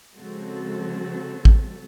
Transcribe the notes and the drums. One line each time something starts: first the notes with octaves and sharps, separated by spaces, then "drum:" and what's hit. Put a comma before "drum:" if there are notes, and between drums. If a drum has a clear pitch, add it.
C#3 F3 G#3 C4 F#4 A4
drum: kick